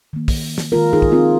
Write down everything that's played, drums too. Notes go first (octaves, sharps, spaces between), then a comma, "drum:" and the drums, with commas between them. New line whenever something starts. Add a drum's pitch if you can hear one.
D#3 A#3
drum: kick, open hi-hat
drum: snare
D#3 G#3 F4 A#4
D#4 G#4
drum: kick
C4 F4